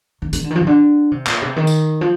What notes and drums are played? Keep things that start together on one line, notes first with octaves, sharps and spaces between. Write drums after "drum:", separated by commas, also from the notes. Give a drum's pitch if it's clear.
D#3
D#3, drum: hi-hat
D3
D#3
F3
C3
D3
C3
A#2, drum: clap
C3
D#3
drum: tambourine
F3